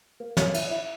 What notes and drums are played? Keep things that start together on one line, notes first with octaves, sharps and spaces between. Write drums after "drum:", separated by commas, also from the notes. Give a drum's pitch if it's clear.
A#3
C#4, drum: snare
E4, drum: cymbal
E4